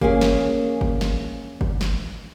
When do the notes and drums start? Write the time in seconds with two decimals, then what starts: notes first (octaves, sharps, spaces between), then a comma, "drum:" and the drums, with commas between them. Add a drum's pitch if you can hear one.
0.01 A#3 C#4 G#4, drum: kick G1
0.21 drum: snare
0.81 drum: kick G1
1.01 drum: snare
1.61 drum: kick G1
1.81 drum: snare